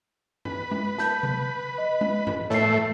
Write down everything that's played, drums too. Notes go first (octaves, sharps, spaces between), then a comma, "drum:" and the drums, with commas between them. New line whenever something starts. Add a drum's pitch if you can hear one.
B4, drum: tom G2
drum: tom G#3
A5 G6, drum: snare A#4
drum: tom C3
D#5
drum: tom G#3
drum: tom G2
A2 E3 A3 C#5 C7, drum: snare A#4